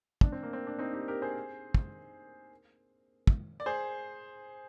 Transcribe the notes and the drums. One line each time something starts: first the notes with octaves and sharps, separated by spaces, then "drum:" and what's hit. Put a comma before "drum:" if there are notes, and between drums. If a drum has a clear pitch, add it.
D4, drum: kick
C4
A#3
C4
D4
C4 D#4
D#4 G4
G4 A#4
G#4 C5
drum: kick
drum: kick
D5
G#4 C5